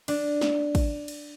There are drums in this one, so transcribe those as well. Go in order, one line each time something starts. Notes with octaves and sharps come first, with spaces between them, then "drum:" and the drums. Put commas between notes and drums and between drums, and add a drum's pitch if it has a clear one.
D4, drum: cymbal
drum: snare
drum: kick, cymbal
drum: cymbal